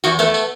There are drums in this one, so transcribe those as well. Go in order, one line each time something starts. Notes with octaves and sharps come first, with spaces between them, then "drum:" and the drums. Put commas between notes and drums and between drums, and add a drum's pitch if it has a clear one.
E2 F#4, drum: tambourine
A3 B3, drum: tambourine
drum: tambourine